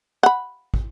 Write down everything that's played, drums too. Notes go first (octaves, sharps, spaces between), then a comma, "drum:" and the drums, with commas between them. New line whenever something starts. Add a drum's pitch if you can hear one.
F#5 B5
drum: kick